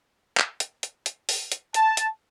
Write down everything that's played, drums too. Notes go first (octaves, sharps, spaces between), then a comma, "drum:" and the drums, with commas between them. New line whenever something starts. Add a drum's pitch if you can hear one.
drum: clap
drum: hi-hat
drum: hi-hat
drum: hi-hat
drum: open hi-hat
drum: hi-hat
A5, drum: hi-hat
drum: hi-hat